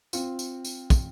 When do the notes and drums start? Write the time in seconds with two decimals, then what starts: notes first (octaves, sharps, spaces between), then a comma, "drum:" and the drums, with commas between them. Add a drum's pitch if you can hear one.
0.13 C4 F4, drum: tambourine
0.39 drum: tambourine
0.65 drum: tambourine
0.90 drum: kick, tambourine